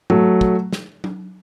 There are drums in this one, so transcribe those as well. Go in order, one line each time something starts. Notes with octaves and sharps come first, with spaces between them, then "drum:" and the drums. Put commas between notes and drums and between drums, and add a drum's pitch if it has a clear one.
F#3 A3, drum: tom G#2
drum: kick
drum: snare
drum: tom F#3